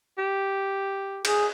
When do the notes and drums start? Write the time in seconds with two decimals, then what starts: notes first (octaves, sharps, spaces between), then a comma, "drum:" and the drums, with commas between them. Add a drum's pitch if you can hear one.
0.18 G4
1.25 G#4, drum: cymbal